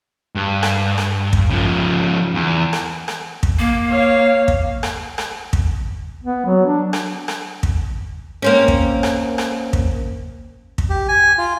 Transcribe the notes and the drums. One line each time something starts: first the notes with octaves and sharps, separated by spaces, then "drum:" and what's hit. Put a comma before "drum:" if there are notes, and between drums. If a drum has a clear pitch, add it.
G2
drum: rim click
drum: rim click
drum: kick
C#3 F3
E2
drum: rim click
drum: rim click
drum: kick
A#3
C#5 F5
drum: kick
drum: rim click
drum: rim click
drum: kick
B3
F#3
D4
drum: rim click
drum: rim click
drum: kick
A#3 C4 C#4
drum: kick
drum: rim click
drum: rim click
drum: kick
drum: kick
G4
G#5
F4